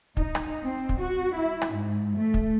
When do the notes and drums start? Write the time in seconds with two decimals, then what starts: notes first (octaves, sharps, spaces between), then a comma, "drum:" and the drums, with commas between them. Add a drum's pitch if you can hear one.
0.17 D#4, drum: kick
0.35 drum: rim click
0.63 C4
0.89 drum: kick
1.01 F#4
1.36 E4
1.62 drum: rim click
1.74 G#2
2.19 A3
2.34 drum: kick